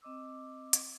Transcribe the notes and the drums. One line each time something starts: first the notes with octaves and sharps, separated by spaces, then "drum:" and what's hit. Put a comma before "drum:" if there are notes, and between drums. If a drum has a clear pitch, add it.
C4 D#5 D6 E6
drum: hi-hat